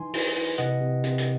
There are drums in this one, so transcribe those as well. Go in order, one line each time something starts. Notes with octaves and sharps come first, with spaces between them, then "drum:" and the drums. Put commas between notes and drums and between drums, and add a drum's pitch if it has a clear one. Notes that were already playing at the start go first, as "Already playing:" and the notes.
Already playing: E3 D#4 G#5 C6
E3, drum: open hi-hat
E3
C3 D#5 F#5, drum: hi-hat
C3
C3, drum: hi-hat
drum: hi-hat